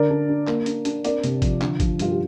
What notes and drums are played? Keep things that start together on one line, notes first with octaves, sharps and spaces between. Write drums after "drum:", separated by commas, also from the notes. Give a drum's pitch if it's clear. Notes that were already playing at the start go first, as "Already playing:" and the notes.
Already playing: D3 A#4 D5
D4
D4
A#3, drum: clap
D4, drum: hi-hat
D4, drum: hi-hat
C4 A#4 D5, drum: hi-hat
C3, drum: hi-hat
F3, drum: kick G#1, hi-hat
D3, drum: clap
F3, drum: kick G#1, hi-hat
G2 F4, drum: hi-hat
G4